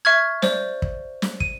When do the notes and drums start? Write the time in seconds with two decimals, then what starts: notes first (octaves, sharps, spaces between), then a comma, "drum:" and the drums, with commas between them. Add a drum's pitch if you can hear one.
0.05 E5 C#6 F6 G#6
0.42 C5 D5, drum: snare
0.82 drum: kick
1.22 drum: snare
1.40 D#7, drum: kick